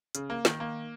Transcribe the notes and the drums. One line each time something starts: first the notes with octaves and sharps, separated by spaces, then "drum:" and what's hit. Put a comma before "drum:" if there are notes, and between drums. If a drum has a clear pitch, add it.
C#3, drum: hi-hat
A#3
D#3, drum: snare
A#3